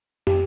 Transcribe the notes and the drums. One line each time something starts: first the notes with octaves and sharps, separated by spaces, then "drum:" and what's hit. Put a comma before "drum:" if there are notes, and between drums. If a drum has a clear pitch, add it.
G4, drum: tom